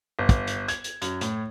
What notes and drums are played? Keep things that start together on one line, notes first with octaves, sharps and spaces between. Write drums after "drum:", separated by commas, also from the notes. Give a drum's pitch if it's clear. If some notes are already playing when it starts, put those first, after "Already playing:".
G1
drum: kick, hi-hat
drum: hi-hat
G#6, drum: hi-hat
drum: hi-hat
F#2, drum: hi-hat
A2, drum: hi-hat